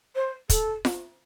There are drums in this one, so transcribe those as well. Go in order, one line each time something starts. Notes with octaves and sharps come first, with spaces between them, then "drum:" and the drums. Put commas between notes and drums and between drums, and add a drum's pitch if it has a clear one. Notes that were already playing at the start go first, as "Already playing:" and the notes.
C5
A4, drum: kick, hi-hat
drum: snare F4